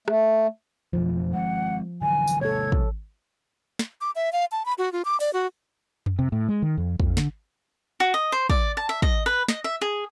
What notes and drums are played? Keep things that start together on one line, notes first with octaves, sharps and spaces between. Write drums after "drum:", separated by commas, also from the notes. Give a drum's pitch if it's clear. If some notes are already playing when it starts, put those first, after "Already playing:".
A3, drum: rim click
F2 B2 F3 A3
G#3 C4 F#5
D3 E3 F#3 G#5
drum: tambourine
C3 G#3 A#3 A4 C#5 G#6
drum: kick
drum: snare
D6
E5
F5
A5
B5
F#4
F4
D6
D5, drum: open hi-hat
F#4
drum: tom F2
C3
A2
G#3
D#3
F2
F2, drum: kick
D3, drum: snare
F#4
D#5
C5
D5, drum: kick
A5
E5
D#5, drum: kick
B4
D#5, drum: snare
E5
G#4